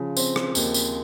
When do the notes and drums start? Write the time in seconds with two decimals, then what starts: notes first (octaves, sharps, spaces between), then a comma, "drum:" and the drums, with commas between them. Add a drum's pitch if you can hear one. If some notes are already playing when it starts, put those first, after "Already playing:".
Already playing: C#3 F3
0.17 C4, drum: tambourine
0.36 drum: rim click
0.55 D#2, drum: tambourine
0.74 drum: tambourine